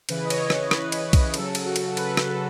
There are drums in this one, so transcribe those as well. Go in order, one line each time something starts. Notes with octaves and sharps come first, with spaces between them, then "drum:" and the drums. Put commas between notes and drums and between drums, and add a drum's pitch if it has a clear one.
C#3 E3 B4, drum: cymbal
D#5
C#5, drum: cymbal
C#5, drum: rim click
B4, drum: rim click
drum: cymbal
B4
drum: kick B1, cymbal
C#3 F#3 A4, drum: cymbal
drum: cymbal
F#4
drum: cymbal
A4
B4, drum: cymbal
drum: rim click
A4